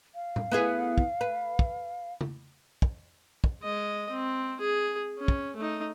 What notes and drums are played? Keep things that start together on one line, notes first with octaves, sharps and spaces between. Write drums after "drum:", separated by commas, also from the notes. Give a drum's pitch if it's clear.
F5
drum: tom A2
B3 E4 G#4
drum: kick
B4
drum: kick
drum: tom
drum: kick
drum: kick
G#3 D#5
C4
G#4
C#4
drum: kick
A3 D#4